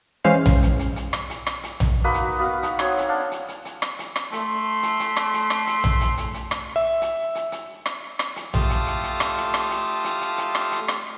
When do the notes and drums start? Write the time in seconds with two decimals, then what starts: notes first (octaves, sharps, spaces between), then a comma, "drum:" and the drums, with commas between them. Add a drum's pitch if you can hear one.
0.24 E3 G#3 C#4 C5 F5 C7
0.46 drum: tom A#1
0.62 drum: hi-hat
0.79 drum: hi-hat
0.96 drum: hi-hat
1.13 drum: rim click
1.30 drum: hi-hat
1.46 drum: rim click
1.63 drum: hi-hat
1.80 drum: tom A#1
2.04 A#3 D#4 F#4 B4
2.14 drum: hi-hat
2.39 B3 F#4 F5 F#5
2.63 D#4, drum: hi-hat
2.79 C4 D#4 C#5, drum: rim click
2.98 drum: hi-hat
3.09 D4 F5 F#5
3.31 drum: hi-hat
3.48 drum: hi-hat
3.65 drum: hi-hat
3.82 drum: rim click
3.99 drum: hi-hat
4.16 drum: rim click
4.32 A3 C6, drum: hi-hat
4.83 drum: hi-hat
5.00 drum: hi-hat
5.16 drum: rim click
5.33 drum: hi-hat
5.50 drum: rim click
5.67 drum: hi-hat
5.84 drum: tom A#1
6.01 drum: hi-hat
6.17 drum: hi-hat
6.34 drum: hi-hat
6.51 drum: rim click
6.76 E5
7.01 drum: hi-hat
7.35 drum: hi-hat
7.52 drum: hi-hat
7.86 drum: rim click
8.19 drum: rim click
8.36 drum: hi-hat
8.54 A3 F4 G4 F5 A5 D#6, drum: tom A#1
8.70 drum: hi-hat
8.86 drum: hi-hat
9.03 drum: hi-hat
9.20 drum: rim click
9.37 drum: hi-hat
9.54 drum: rim click
9.71 drum: hi-hat
10.04 drum: hi-hat
10.21 drum: hi-hat
10.38 drum: hi-hat
10.55 drum: rim click
10.71 drum: hi-hat
10.88 drum: rim click